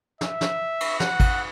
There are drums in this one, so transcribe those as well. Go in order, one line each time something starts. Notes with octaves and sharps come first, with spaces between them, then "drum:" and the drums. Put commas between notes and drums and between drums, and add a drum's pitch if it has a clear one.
E5, drum: snare
drum: snare
drum: cymbal
F#5, drum: snare
drum: kick G#1, cymbal